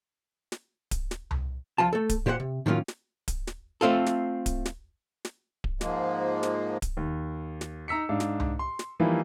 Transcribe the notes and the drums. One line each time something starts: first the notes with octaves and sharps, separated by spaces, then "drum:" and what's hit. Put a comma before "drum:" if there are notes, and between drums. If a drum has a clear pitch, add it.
drum: snare
drum: kick D1, hi-hat
drum: snare
drum: tom C2
C2 F3 F4 A5
A3 A4
drum: kick D1, hi-hat
A#2 G4 C5 C#5 F#5
C3
A2 D#3 F#3 A#3 C#4 F4
drum: snare
drum: kick D1, hi-hat
drum: snare
A3 C4 F4 A4
drum: snare
drum: kick D1, hi-hat
drum: snare
drum: snare
drum: kick D1
G#2 F3 G#3 A#3, drum: snare
drum: snare
drum: kick D1, hi-hat
D#2
drum: snare
D#4 A#5 E6 B6 C#7
G#2 D4 F5
drum: snare
drum: tom C2
C6
drum: snare
E3 F3 G3 A#3 D#4 E4